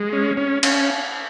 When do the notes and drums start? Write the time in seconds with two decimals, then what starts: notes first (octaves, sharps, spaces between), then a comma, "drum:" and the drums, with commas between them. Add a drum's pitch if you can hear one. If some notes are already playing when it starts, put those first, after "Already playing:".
Already playing: G#3
0.13 C#4
0.37 C#4
0.63 C#4, drum: cymbal